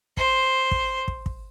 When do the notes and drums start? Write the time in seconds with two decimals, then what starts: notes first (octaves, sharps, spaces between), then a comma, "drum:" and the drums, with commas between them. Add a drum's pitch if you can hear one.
0.17 C5, drum: kick
0.71 drum: kick
1.08 drum: kick
1.26 drum: kick